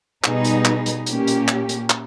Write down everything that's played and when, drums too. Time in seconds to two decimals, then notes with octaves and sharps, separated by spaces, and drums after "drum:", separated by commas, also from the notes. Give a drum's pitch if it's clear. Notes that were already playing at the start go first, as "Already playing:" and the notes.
0.24 B2 G3 B3 D#4 G#4, drum: clap
0.44 drum: hi-hat
0.65 drum: clap
0.86 drum: hi-hat
1.06 A#2 A#3 C#4 G4, drum: hi-hat
1.28 drum: hi-hat
1.48 drum: clap
1.69 drum: hi-hat
1.90 drum: clap